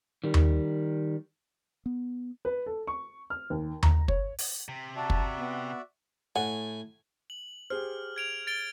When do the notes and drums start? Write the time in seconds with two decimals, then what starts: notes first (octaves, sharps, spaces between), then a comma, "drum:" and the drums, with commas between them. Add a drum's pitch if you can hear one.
0.24 D#3 G3
0.34 drum: tom D#2
1.86 B3
2.45 B4
2.66 A4
2.87 C#6
3.30 F6
3.50 D#2
3.83 A#5, drum: tom D#2
4.08 C#5, drum: kick
4.38 drum: open hi-hat
4.68 C3
4.96 F#4 D5 E5 A5
5.10 drum: kick
5.37 B3
6.36 A2 F#5 G#5
7.30 F#7
7.70 G4 G#4 C5 F6
8.16 G#6 D7 F7
8.47 A6 D7 G7